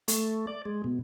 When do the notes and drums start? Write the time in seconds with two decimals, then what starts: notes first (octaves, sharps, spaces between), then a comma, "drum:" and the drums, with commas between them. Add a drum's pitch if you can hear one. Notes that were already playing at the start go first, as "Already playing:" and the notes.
0.08 A3, drum: hi-hat
0.47 D5
0.65 G#3
0.84 B2